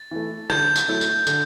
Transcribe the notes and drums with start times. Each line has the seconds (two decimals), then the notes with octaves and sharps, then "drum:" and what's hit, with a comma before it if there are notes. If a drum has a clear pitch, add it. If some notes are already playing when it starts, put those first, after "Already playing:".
Already playing: A6
0.11 E3 A3
0.50 D3 G6, drum: rim click
0.76 drum: tambourine
0.88 F#3 A3 E4
1.01 drum: tambourine
1.27 D3, drum: tambourine